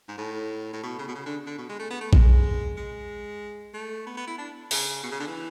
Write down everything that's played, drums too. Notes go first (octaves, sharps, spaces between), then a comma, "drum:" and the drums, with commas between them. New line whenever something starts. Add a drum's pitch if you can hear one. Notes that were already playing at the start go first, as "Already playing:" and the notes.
G#2
A2
A2
B2
C#3
B2
C#3
D3
D3
B2
G#3
A3
B3
A3
G#3, drum: kick A#1
G#3
A3
B3
B3
E4
D4
C#3, drum: open hi-hat
B2
C#3
D3
E3